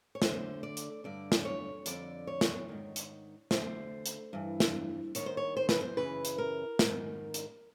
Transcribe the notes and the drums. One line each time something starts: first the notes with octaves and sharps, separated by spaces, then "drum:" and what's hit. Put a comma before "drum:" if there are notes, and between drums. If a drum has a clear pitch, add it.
C#5
D2 D3 C5, drum: snare
D5
drum: hi-hat
G2 D3 D5
drum: snare
C#5
F2 D3 D5, drum: hi-hat
C#5
drum: snare
G#2 D#3
drum: hi-hat
D2 D3 C5, drum: snare
drum: hi-hat
G2 E3
drum: snare
D#2 D#3 C#5, drum: hi-hat
C5
C#5
C5
B4, drum: snare
C5
F#2 C#3 E3 B4
drum: hi-hat
A#4
G#2 D#3, drum: snare
drum: hi-hat